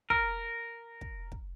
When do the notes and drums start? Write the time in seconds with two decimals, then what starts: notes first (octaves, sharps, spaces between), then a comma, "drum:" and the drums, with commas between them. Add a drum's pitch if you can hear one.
0.10 A#4, drum: kick
1.01 drum: kick
1.32 drum: kick